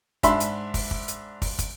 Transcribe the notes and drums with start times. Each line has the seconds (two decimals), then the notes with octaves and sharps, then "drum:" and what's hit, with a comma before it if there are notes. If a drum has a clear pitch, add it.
0.23 G#2 D4 E5 B5 C6, drum: kick, hi-hat
0.40 drum: hi-hat
0.74 drum: kick, open hi-hat
0.91 drum: kick
1.08 drum: hi-hat
1.42 drum: kick, open hi-hat
1.59 drum: kick, hi-hat